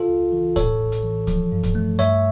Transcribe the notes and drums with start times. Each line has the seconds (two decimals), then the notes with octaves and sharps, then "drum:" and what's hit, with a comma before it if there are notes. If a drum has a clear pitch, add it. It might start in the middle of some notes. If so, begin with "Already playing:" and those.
Already playing: C#3 F4 A4
0.09 C#2
0.32 E3
0.56 A2 A4 C#5, drum: kick C2, hi-hat
0.79 A1
0.92 drum: hi-hat
1.03 E3
1.27 F3, drum: kick C2, hi-hat
1.52 G2
1.63 drum: kick C2, hi-hat
1.75 A3
1.99 G2 C#5 E5, drum: hi-hat